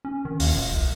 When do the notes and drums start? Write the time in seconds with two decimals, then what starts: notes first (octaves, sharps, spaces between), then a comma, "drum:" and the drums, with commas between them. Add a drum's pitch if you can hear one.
0.05 C#4
0.25 D#3
0.40 D#2, drum: open hi-hat
0.53 E1
0.76 C2